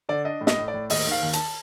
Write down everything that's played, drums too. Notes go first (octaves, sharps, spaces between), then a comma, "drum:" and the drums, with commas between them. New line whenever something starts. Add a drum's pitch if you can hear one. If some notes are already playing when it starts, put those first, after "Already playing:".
D3 D5
D4 D#5
A2
D#5, drum: snare
A2
D5
A2
D#2 D#5, drum: open hi-hat
D#3 F5
D#2
A5, drum: hi-hat